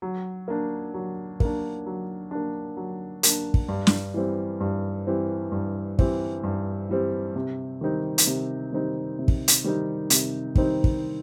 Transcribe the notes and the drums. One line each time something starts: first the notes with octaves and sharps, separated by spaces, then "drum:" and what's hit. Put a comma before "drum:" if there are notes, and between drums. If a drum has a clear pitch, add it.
F#3
A#3 D4
F#3
A#3 D4, drum: kick
F#3
A#3 D4
F#3
A#3 D4, drum: hi-hat
drum: kick
G2
drum: snare
E3 G3 C4
G2
E3 G3 C4
G2
E3 G3 C4, drum: kick
G2
E3 G3 C4
C3
D#3 G3 C4 D#4
drum: hi-hat
C3
D#3 G3 C4 D#4
C3
drum: kick
drum: hi-hat
D#3 G3 C4 D#4
C3, drum: hi-hat
D#3 G3 C4 D#4, drum: kick
drum: kick